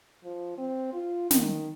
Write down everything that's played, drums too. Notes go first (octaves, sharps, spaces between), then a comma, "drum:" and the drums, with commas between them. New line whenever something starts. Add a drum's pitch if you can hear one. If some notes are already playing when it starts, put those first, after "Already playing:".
F3
C4
F4
D#3, drum: snare